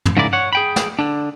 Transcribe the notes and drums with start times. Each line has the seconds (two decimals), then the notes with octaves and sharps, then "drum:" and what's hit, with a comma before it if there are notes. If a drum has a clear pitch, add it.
0.05 drum: tom
0.17 G#2 C#3 G#3 E4 A#4 D5
0.33 C#5 F#5
0.53 G#4 G5 B5
0.76 drum: snare
0.99 D3 D4